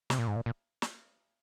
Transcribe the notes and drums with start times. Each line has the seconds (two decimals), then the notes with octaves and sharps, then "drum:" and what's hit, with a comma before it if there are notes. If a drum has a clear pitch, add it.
0.10 C3, drum: snare
0.18 A#2
0.28 G#2
0.36 A#2
0.46 A#2
0.82 drum: snare